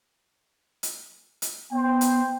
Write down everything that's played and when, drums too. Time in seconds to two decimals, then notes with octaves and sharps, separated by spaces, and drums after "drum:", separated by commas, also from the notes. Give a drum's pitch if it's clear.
0.83 drum: hi-hat
1.42 drum: hi-hat
1.71 B3 C5 G5
2.01 drum: hi-hat